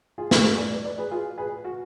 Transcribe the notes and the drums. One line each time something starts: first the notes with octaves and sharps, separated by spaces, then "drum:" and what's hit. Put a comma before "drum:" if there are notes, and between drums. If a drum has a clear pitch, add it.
F4 G#4
F#4 A4, drum: snare
G#4 B4
B4 D5
B4 D5
B4 D5
G#4 B4
F4 G#4
G#4 B4
F#4